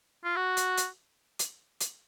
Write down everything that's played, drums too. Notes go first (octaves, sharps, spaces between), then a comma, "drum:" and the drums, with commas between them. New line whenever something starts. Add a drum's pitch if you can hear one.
F4
F#4
drum: hi-hat
drum: hi-hat
drum: hi-hat
drum: hi-hat